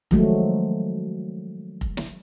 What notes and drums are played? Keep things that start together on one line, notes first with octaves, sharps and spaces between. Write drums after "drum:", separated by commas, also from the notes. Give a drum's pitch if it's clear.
D#3 F3 F#3 G#3 A3, drum: kick F1
drum: kick F1
drum: snare